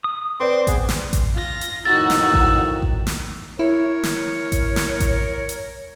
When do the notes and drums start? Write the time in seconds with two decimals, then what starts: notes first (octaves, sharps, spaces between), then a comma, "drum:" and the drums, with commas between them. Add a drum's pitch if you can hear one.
0.04 D#6
0.40 C4 B4 D5 C6 D6
0.67 B3 G#4, drum: kick A1, hi-hat
0.89 drum: snare
1.13 drum: kick A1, hi-hat
1.35 F4 A#6
1.61 drum: hi-hat
1.85 F2 A2 D#3 D#4 F#4 E6 A6
2.10 drum: snare
2.34 drum: kick A1
2.82 drum: kick A1
3.07 drum: snare
3.59 E4 A#4 C#5
4.03 drum: snare
4.52 drum: kick A1, hi-hat
4.76 drum: snare
5.00 drum: kick A1, hi-hat
5.49 drum: hi-hat